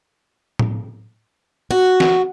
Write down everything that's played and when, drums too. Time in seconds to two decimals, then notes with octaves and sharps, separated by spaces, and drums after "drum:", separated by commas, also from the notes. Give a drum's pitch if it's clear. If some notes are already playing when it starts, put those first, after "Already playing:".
0.59 drum: tom A2
1.71 F#4
2.00 drum: snare